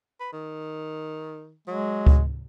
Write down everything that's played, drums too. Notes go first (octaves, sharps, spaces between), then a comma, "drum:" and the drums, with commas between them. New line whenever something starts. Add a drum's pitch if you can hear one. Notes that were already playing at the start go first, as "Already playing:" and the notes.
B4
D#3
F#3 G#3
drum: kick C#2